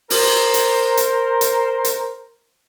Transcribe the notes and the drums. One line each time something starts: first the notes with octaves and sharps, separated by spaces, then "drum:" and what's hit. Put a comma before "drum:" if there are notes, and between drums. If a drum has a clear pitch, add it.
A#4 C5, drum: open hi-hat
drum: hi-hat
drum: hi-hat
drum: hi-hat
drum: hi-hat